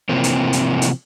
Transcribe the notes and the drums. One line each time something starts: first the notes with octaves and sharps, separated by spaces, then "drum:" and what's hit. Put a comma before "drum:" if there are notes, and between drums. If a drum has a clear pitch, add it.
C3 E3 F3 A#3 C4
drum: hi-hat
drum: hi-hat
drum: hi-hat